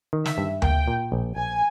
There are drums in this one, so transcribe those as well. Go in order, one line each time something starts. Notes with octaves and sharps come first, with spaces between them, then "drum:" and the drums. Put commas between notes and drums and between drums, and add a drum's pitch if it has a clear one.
D#3
E5, drum: snare
G2
A#3 G5, drum: tom D2
A#2
A#1
A#1 G#5